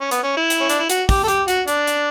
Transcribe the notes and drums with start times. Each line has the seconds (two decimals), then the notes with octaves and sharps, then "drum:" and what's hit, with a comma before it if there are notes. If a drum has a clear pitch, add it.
0.01 C#4
0.11 B3, drum: hi-hat
0.24 C#4
0.37 E4
0.50 drum: hi-hat
0.60 C#4
0.70 D4, drum: hi-hat
0.79 E4
0.89 F#4, drum: hi-hat
1.09 G4, drum: kick, open hi-hat
1.24 A4
1.28 G4, drum: hi-hat
1.48 F#4, drum: hi-hat
1.68 D4, drum: hi-hat
1.87 drum: hi-hat